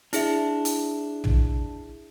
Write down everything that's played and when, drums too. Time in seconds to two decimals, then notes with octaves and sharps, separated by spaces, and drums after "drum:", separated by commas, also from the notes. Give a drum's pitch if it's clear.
0.13 D4 E4 G#4 E5, drum: hi-hat
0.65 drum: hi-hat
1.24 drum: tom